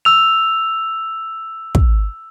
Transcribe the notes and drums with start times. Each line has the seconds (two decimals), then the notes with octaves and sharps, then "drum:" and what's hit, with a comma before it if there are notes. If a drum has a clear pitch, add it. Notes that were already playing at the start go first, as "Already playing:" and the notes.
0.05 E6 F7
1.75 drum: kick